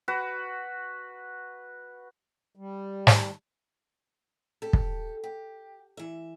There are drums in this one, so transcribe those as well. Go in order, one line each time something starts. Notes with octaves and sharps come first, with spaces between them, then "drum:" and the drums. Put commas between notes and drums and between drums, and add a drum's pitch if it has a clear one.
F#4 B4
G3
drum: snare
G4 A4
drum: kick
G4
E3 E5